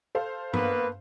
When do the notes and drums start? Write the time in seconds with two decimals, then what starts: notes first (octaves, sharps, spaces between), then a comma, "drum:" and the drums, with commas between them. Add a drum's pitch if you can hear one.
0.15 A4 C5 F5
0.53 A#3 B3 B4, drum: tom G2